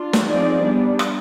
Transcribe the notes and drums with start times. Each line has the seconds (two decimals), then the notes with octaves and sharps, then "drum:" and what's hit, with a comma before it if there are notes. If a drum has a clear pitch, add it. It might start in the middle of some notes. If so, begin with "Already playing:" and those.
Already playing: D4 F4
0.13 drum: snare
0.26 F3 C4 D#4 G#4 D5
0.63 G3 B3 D4
0.99 drum: rim click